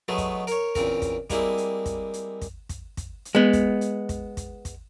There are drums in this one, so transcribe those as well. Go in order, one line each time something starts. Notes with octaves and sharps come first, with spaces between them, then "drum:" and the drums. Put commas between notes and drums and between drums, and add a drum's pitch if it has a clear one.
B2 F#3 G#3 A3 B3 G#4
drum: kick, hi-hat
A#4 C#5, drum: hi-hat
E2 A#2 C#3 C4 A#4, drum: kick, hi-hat
drum: kick, hi-hat
G3 G#3 A#3 C4 E4 G#4, drum: kick, hi-hat
drum: hi-hat
drum: kick, hi-hat
drum: hi-hat
drum: kick, hi-hat
drum: kick, hi-hat
drum: kick, hi-hat
drum: hi-hat
G#3 B3
drum: kick, hi-hat
drum: hi-hat
drum: kick, hi-hat
drum: kick, hi-hat
drum: kick, hi-hat